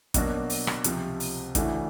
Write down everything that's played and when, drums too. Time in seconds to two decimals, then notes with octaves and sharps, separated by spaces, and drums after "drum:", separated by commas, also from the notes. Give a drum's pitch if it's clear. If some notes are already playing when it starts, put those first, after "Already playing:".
0.14 B2 F#3 A#3 D4 F#4, drum: kick, hi-hat
0.50 drum: open hi-hat
0.67 drum: rim click
0.84 C#2 C3 F3, drum: hi-hat
1.20 drum: open hi-hat
1.55 D2 C#3 E3 A3 D4, drum: kick, hi-hat